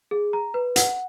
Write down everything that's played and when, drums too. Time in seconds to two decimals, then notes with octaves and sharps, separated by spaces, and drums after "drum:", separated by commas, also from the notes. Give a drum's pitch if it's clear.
0.11 G#4
0.33 A#5
0.54 B4
0.76 F#5, drum: hi-hat